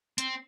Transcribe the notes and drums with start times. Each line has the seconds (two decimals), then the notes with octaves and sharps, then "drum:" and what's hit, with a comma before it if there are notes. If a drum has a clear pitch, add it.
0.18 C4, drum: hi-hat